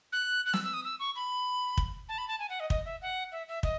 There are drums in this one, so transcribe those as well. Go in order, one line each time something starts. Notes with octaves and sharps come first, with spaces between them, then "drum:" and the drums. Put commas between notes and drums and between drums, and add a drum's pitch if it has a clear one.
F#6
F#6
E6, drum: snare
E6
D#6
E6
C#6
B5
drum: kick
A5
B5
A5
G#5
F#5
D#5
D#5, drum: kick
E5
F#5
E5
E5
D#5, drum: kick